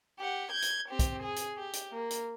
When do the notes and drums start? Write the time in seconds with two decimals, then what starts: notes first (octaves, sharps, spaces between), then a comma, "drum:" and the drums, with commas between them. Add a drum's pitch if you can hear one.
0.20 G4 F#5
0.51 G6 G#6
0.62 drum: hi-hat
0.89 C4 G4
0.99 drum: kick, hi-hat
1.23 G#4
1.36 drum: hi-hat
1.58 G4
1.73 drum: hi-hat
1.92 A#3
2.10 drum: hi-hat